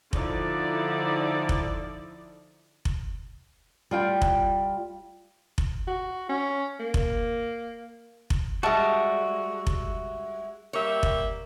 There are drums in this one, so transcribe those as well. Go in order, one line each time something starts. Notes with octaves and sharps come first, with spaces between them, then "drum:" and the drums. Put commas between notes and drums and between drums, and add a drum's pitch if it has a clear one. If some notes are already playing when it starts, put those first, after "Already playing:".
D3 F3 D#4 E4 D5, drum: kick F1
drum: kick F1
drum: kick F1
G3 F4 G5
drum: kick F1
drum: kick F1
F#4
C#4
A#3
drum: kick F1
drum: kick F1
G3 G#3 F#4 D5 E5 A5
drum: kick F1
G3 A#3 C#5 E5
drum: kick F1